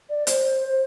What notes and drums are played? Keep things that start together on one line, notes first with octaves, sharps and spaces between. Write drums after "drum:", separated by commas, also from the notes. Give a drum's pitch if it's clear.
D5
C5, drum: hi-hat
C5